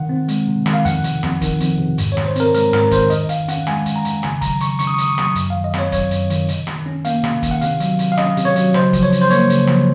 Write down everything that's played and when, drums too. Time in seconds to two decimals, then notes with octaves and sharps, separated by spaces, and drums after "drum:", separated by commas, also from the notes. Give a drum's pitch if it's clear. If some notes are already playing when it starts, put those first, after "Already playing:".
Already playing: C3 D#3 F#5
0.09 C4
0.28 G#3, drum: hi-hat
0.48 C3
0.66 D#3, drum: rim click
0.73 F5
0.85 F2 F#5, drum: hi-hat
1.04 C3, drum: hi-hat
1.23 F2, drum: rim click
1.41 D#3, drum: kick, hi-hat
1.60 F2, drum: hi-hat
1.78 C3
1.98 G#2, drum: hi-hat
2.12 C#5
2.17 D#3, drum: rim click
2.26 C5
2.36 C4 A#4, drum: hi-hat
2.54 G#3 A#4, drum: hi-hat
2.73 G#2 A#4, drum: rim click
2.91 D#3 C5, drum: kick, hi-hat
3.10 F2 D#5, drum: hi-hat
3.29 D#3 F5, drum: hi-hat
3.48 C#4 F#5, drum: hi-hat
3.67 G#3 G#5, drum: rim click
3.86 F2, drum: hi-hat
3.96 A#5
4.05 D#3, drum: hi-hat
4.23 C#3 G#5, drum: rim click
4.41 F#3 A#5, drum: kick, hi-hat
4.60 C#3 C#6, drum: hi-hat
4.79 C#4 C#6, drum: hi-hat
4.87 D#6
4.94 C#6
4.98 C#3 D#6, drum: hi-hat
5.09 C#6
5.15 D#6
5.18 F#3, drum: rim click
5.23 C#6
5.35 F#2, drum: hi-hat
5.50 F5
5.55 D#3
5.64 D#5
5.74 C4 C#5, drum: rim click
5.92 F#3 C#5, drum: kick, hi-hat
6.11 F#2, drum: hi-hat
6.30 D#3, drum: hi-hat
6.48 C3, drum: hi-hat
6.67 D#3, drum: rim click
6.86 C#4
7.05 A#3 F5, drum: hi-hat
7.24 C3, drum: rim click
7.42 D#3, drum: kick, hi-hat
7.51 F#5
7.61 C3 F5, drum: hi-hat
7.80 F#3, drum: hi-hat
7.99 C3, drum: hi-hat
8.12 F5
8.17 C#4 D#5, drum: rim click
8.37 C3, drum: hi-hat
8.45 C#5
8.56 F#3, drum: hi-hat
8.74 C#3 C5, drum: rim click
8.93 F3, drum: kick, hi-hat
9.03 C#5
9.12 C#4, drum: hi-hat
9.21 C5
9.30 A#3 C#5, drum: hi-hat
9.50 C#3, drum: hi-hat
9.67 F3, drum: rim click